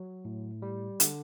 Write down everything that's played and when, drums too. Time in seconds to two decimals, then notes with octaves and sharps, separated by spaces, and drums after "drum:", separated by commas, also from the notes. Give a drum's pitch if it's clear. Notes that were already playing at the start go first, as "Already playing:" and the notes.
Already playing: F#3
0.25 A2
0.62 G3
1.00 D3, drum: hi-hat